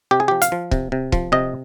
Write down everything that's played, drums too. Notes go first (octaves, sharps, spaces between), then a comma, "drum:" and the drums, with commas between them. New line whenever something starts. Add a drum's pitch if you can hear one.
C3 G4
G#4
F3 G4
F5, drum: hi-hat
F3
C3, drum: kick
C3
F3, drum: kick
C3 D#5